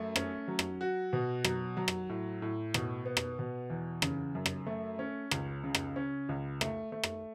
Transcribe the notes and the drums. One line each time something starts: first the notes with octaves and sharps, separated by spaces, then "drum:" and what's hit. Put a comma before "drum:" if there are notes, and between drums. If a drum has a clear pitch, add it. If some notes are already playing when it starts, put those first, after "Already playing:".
Already playing: F#2 A3
C#4, drum: rim click
F#3
drum: rim click
F#4
B2
F#3, drum: rim click
F#3
drum: rim click
A2
A2
B2, drum: rim click
B3
drum: rim click
B2
E2
C#3, drum: rim click
F#2
drum: rim click
A3
C#4
C#2, drum: rim click
C#3
drum: rim click
C#4
C#2
A3, drum: rim click
A3
drum: rim click